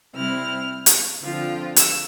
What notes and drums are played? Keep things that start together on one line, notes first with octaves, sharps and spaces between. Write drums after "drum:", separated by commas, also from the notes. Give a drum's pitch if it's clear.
C3 G3 C4 E4 F6
drum: hi-hat
D3 F3 C4 F4
E6, drum: hi-hat